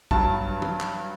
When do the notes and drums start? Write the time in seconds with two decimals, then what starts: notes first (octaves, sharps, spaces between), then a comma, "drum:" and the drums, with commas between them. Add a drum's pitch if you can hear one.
0.11 G2 F#3 A5, drum: kick
0.62 drum: tom
0.80 drum: clap